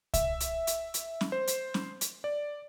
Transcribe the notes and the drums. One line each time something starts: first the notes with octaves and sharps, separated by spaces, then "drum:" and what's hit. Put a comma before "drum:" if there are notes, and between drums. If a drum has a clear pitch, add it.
E5, drum: kick C2, hi-hat
drum: hi-hat
drum: hi-hat
drum: hi-hat
drum: snare
C5
drum: hi-hat
drum: snare
drum: hi-hat
D5